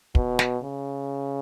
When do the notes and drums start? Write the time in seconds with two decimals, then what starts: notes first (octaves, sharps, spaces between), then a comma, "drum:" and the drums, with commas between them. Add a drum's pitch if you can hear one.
0.15 B2, drum: kick
0.39 drum: snare
0.63 C#3